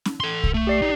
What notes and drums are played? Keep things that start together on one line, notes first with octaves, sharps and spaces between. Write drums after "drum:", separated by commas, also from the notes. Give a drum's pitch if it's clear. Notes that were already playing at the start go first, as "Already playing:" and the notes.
drum: snare
A4 C6
drum: kick
A3
G4 D5 C7
D4 D#4